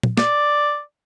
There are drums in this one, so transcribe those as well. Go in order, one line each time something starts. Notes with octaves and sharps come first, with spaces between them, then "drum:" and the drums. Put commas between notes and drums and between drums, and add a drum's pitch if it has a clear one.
drum: tom
D5, drum: snare